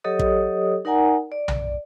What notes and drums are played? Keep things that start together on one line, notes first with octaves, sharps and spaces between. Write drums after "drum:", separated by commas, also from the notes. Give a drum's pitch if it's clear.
F#3 G4 A4 C#5 D#5 D#6
drum: kick
D#4 A#4 D5 F#5 G#5 A#5
D5
drum: tom B1